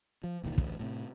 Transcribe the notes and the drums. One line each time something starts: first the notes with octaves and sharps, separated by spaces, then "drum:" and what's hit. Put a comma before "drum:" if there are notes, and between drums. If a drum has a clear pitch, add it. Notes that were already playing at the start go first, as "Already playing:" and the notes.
F3
E1 C2 A#2 D#3
A1 D2, drum: kick
A2 C3